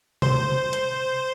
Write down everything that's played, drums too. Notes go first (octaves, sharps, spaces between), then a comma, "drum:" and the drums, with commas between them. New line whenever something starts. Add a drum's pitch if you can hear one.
C5, drum: tom C3
drum: hi-hat